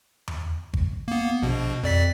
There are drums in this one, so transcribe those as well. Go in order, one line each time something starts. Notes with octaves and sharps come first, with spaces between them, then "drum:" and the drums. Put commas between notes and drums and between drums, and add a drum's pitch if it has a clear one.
drum: tom E2
drum: kick G#1
A#3 B3
A#1 B2
F2 D5 B6